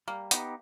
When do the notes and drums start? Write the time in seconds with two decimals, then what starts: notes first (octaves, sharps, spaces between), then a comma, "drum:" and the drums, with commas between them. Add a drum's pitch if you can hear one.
0.08 G3 A#3
0.31 B3 D#4 G4, drum: hi-hat